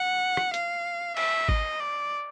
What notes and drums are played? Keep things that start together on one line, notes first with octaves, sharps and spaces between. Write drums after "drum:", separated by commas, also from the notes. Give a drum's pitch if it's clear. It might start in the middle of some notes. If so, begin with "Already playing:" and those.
Already playing: F#5
drum: rim click
F5, drum: hi-hat
E5, drum: cymbal
D#5, drum: kick G#1
D5